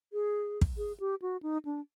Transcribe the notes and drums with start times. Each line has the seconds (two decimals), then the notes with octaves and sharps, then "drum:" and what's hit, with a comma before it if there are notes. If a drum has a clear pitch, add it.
0.13 G#4
0.61 drum: kick
0.77 G#4
1.00 G4
1.22 F#4
1.43 D#4
1.65 D4